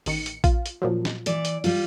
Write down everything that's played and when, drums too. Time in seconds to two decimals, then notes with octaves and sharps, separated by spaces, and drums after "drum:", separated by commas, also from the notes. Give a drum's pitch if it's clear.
0.06 A1 D#3 C#7, drum: open hi-hat
0.26 drum: hi-hat
0.44 F4, drum: kick A#1, hi-hat
0.66 drum: hi-hat
0.82 A#2 F3 F#3
1.05 drum: snare
1.26 E3 D5, drum: hi-hat
1.45 drum: hi-hat
1.64 G3 F4, drum: open hi-hat